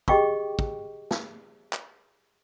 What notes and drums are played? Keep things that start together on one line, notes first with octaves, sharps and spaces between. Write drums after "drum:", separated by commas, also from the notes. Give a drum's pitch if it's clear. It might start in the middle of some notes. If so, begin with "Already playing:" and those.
G4 G#4 D#5 G5 C#6 D6, drum: kick
drum: kick
drum: snare
drum: clap